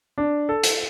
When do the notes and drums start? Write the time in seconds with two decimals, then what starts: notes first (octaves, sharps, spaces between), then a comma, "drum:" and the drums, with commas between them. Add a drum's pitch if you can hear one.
0.18 D4
0.49 A4
0.63 drum: hi-hat